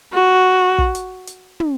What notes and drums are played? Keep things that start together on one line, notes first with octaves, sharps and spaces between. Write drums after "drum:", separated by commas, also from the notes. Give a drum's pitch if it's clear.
F#4
drum: kick
drum: hi-hat
drum: hi-hat
drum: tom